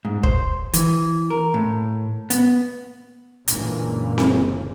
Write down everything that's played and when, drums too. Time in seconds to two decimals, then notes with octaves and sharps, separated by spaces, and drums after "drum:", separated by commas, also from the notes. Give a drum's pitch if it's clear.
0.05 G#2
0.23 C5, drum: kick
0.73 E3, drum: hi-hat
1.30 A#4
1.54 A2
2.30 B3, drum: hi-hat
3.48 F#1 C#2 A#2 D3 E3 A#3, drum: hi-hat
4.18 drum: snare C4